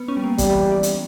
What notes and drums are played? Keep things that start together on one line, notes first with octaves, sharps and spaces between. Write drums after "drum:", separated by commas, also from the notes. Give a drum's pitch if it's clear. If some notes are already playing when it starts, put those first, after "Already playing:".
Already playing: B3
C#4
G3
A#3
G3, drum: kick, hi-hat
E3
E3
G3
drum: hi-hat